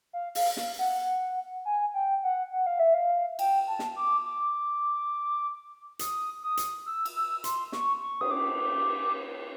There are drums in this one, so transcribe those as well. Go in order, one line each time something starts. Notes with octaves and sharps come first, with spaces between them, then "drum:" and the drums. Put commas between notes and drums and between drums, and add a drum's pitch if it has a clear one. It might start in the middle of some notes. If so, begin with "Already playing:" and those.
F5
F5, drum: open hi-hat
F5, drum: snare
F#5
G#5
G5
F#5
F#5
F5
E5
F5
G5, drum: cymbal
A5
drum: snare
D6
D6
D#6, drum: hi-hat
D#6
drum: hi-hat
E6
drum: cymbal
E6
C6, drum: hi-hat
C#6, drum: snare
C#6
D#6, drum: cymbal
D6